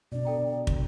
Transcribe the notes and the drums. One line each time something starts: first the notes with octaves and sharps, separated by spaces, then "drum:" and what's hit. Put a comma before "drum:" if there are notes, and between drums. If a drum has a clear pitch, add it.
B2 D4 D5
A4 G5 A#5
drum: kick